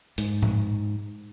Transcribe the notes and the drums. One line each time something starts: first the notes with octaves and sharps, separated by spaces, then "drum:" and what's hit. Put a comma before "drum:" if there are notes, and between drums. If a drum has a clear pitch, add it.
G#2, drum: hi-hat
drum: tom A2